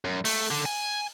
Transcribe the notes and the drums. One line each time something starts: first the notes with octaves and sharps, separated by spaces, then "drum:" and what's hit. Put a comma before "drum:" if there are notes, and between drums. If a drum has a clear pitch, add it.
F#2
A3, drum: open hi-hat
D3
G#5